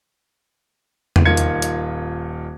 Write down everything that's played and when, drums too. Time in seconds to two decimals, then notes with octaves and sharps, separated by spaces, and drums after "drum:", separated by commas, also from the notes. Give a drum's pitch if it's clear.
1.16 drum: tom E2
1.25 D#1 D#3 F4 G#6 C#7
1.37 drum: hi-hat
1.62 drum: hi-hat